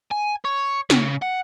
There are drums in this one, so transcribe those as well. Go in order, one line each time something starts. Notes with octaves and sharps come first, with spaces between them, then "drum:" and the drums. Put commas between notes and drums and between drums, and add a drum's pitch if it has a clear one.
G#5
C#5
C#3, drum: snare
F#5